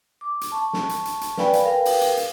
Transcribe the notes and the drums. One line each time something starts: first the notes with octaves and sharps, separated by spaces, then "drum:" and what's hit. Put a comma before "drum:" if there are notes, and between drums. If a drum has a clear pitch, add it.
D6
drum: hi-hat
A5 C#6
drum: snare
drum: hi-hat
drum: hi-hat
drum: hi-hat
B4 D5 F5 G5 G#5 B5, drum: snare
drum: hi-hat
A#4 B4 F5 G5
drum: open hi-hat
drum: hi-hat
drum: hi-hat